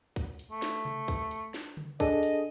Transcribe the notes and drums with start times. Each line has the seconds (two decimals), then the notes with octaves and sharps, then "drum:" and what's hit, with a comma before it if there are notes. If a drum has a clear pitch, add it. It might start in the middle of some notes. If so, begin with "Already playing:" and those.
0.16 drum: kick, hi-hat
0.39 drum: hi-hat
0.51 A3
0.62 drum: snare
0.85 drum: tom C3
1.08 drum: kick, hi-hat
1.31 drum: hi-hat
1.54 drum: snare
1.77 drum: tom C#3
2.00 D4 G#4 A4 D#5, drum: kick, hi-hat
2.23 drum: hi-hat